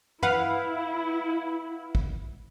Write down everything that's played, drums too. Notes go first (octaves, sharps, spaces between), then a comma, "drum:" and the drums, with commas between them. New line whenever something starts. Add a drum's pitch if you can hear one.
E4 B4 F5 F#5, drum: tom
drum: kick